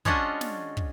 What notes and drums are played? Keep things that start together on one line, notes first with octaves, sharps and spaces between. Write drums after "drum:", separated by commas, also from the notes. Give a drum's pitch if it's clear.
G#3 C#4 D4 F4 F#4 D#5, drum: kick
drum: snare
drum: kick